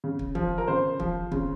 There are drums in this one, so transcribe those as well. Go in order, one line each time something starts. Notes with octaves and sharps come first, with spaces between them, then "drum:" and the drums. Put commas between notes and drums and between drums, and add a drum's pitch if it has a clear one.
C#3
drum: kick
F3, drum: kick
A#4
C#3 C5
F3, drum: kick
C#3, drum: kick